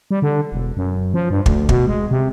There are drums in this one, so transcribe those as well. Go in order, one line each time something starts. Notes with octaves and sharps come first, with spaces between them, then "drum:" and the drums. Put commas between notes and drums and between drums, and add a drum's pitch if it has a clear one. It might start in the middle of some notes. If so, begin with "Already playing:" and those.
G3
D3
E1
F#2
F3
G2
D2, drum: kick
B2, drum: kick
G#3
C3